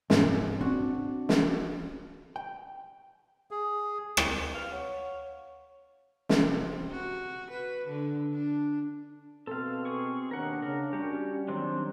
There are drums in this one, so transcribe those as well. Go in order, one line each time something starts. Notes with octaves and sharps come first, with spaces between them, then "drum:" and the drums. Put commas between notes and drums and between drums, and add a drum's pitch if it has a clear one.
G#2 C3 C#4, drum: snare
C4 D4 F#4
drum: snare
G5
G#4
drum: rim click
B4 F5 F6 F7
C#5 F#5
drum: snare
C3
F#4
B4
D3
D4
B2 C4 A4 F5
G#4 C#6
D#2 D4 A#4 F#5
C#3 A#4
G3 C#4 F#4 G4
D#3 F#3 G3 C4 D4